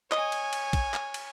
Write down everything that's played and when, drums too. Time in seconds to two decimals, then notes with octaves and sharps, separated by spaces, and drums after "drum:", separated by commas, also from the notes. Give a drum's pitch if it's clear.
0.12 C#5 D#5 G#5, drum: clap
0.32 drum: cymbal
0.53 drum: cymbal
0.73 drum: kick, cymbal
0.94 drum: clap
1.14 drum: cymbal